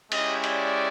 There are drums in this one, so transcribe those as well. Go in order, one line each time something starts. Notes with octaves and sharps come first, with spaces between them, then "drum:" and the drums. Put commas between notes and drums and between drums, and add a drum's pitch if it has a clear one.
G#3 C#4 E4 G4 D#5, drum: cymbal
D5, drum: cymbal